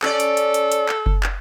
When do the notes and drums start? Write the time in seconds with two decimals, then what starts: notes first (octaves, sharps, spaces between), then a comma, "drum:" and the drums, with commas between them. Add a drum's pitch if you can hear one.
0.02 C#4 A4 D5, drum: clap
0.20 drum: hi-hat
0.37 drum: hi-hat
0.54 drum: hi-hat
0.72 drum: hi-hat
0.89 drum: clap
1.06 drum: kick F#1
1.23 drum: clap